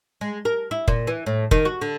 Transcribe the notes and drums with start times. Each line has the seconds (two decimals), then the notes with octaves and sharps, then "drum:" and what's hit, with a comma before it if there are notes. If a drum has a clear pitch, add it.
0.21 G#3
0.45 A#4
0.71 E4
0.88 A#2, drum: kick
1.07 E3
1.26 A2
1.51 D#3, drum: kick
1.65 F#4
1.81 D3